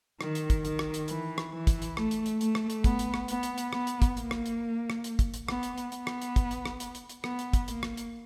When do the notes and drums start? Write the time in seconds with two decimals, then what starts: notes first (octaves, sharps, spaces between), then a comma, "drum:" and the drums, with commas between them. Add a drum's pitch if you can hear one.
0.21 D#3, drum: rim click
0.35 drum: hi-hat
0.50 drum: kick, hi-hat
0.65 D#3, drum: hi-hat
0.79 drum: rim click
0.94 drum: hi-hat
1.08 E3, drum: hi-hat
1.38 drum: rim click
1.52 E3
1.67 drum: kick, hi-hat
1.82 drum: hi-hat
1.97 A3, drum: rim click
2.11 drum: hi-hat
2.26 drum: hi-hat
2.41 A3, drum: hi-hat
2.55 drum: rim click
2.70 drum: hi-hat
2.84 B3, drum: kick, hi-hat
2.99 drum: hi-hat
3.14 drum: rim click
3.28 B3, drum: hi-hat
3.43 drum: hi-hat
3.58 drum: hi-hat
3.73 B3, drum: rim click
3.87 drum: hi-hat
4.02 drum: kick, hi-hat
4.17 A#3, drum: hi-hat
4.31 drum: rim click
4.46 drum: hi-hat
4.90 drum: rim click
5.04 drum: hi-hat
5.19 drum: kick, hi-hat
5.34 drum: hi-hat
5.48 B3, drum: rim click
5.63 drum: hi-hat
5.78 drum: hi-hat
5.92 B3, drum: hi-hat
6.07 drum: rim click
6.22 drum: hi-hat
6.36 drum: kick, hi-hat
6.51 drum: hi-hat
6.66 drum: rim click
6.80 drum: hi-hat
6.95 drum: hi-hat
7.09 drum: hi-hat
7.24 B3, drum: rim click
7.39 drum: hi-hat
7.53 drum: kick, hi-hat
7.68 A#3, drum: hi-hat
7.83 drum: rim click
7.97 drum: hi-hat